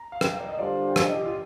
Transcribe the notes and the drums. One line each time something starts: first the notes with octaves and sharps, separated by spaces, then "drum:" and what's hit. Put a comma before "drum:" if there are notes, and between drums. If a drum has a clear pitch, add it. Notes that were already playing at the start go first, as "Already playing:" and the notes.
Already playing: A#5
F5
G5, drum: rim click
F5
D5
D#5
D3 G3 D4 F4 C5 D5
G5
F5, drum: rim click
D#5
G4
F4